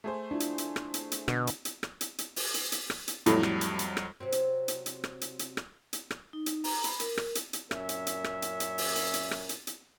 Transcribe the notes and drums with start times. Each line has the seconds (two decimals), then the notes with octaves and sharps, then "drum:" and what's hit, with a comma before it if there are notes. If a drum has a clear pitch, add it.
0.04 A3 G#4 C5
0.31 D4 E4 F4
0.40 drum: hi-hat
0.58 drum: hi-hat
0.76 drum: rim click
0.94 drum: hi-hat
1.12 drum: hi-hat
1.28 B2 D3, drum: rim click
1.47 drum: hi-hat
1.65 drum: hi-hat
1.83 drum: rim click
2.01 drum: hi-hat
2.18 drum: hi-hat
2.36 drum: open hi-hat
2.54 drum: hi-hat
2.72 drum: hi-hat
2.90 drum: rim click
3.08 drum: hi-hat
3.26 F2 A2 F#3 G3, drum: hi-hat
3.43 drum: rim click
3.61 drum: hi-hat
3.79 drum: hi-hat
3.97 drum: rim click
4.20 C3 F#3 C4
4.32 drum: hi-hat
4.68 drum: hi-hat
4.86 drum: hi-hat
5.04 drum: rim click
5.21 drum: hi-hat
5.39 drum: hi-hat
5.57 drum: rim click
5.93 drum: hi-hat
6.11 drum: rim click
6.33 D#4
6.46 drum: hi-hat
6.64 A#5, drum: open hi-hat
6.84 B5, drum: hi-hat
7.00 A#4, drum: hi-hat
7.17 drum: rim click
7.35 drum: hi-hat
7.53 drum: hi-hat
7.71 F#2 A#2 C#4 A#4 E5, drum: rim click
7.89 drum: hi-hat
8.07 drum: hi-hat
8.24 drum: rim click
8.42 drum: hi-hat
8.60 drum: hi-hat
8.78 drum: open hi-hat
8.96 drum: hi-hat
9.14 drum: hi-hat
9.31 drum: rim click
9.49 drum: hi-hat
9.67 drum: hi-hat